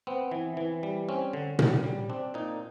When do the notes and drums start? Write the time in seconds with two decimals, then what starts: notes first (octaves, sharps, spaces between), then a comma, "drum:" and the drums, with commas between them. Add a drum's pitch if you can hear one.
0.07 B3 C4
0.31 E3
0.57 E3
0.83 G3
1.09 C4 C#4
1.33 D3
1.59 D3, drum: tom A#2
1.84 G3
2.10 C4 D4
2.34 A#2 D#4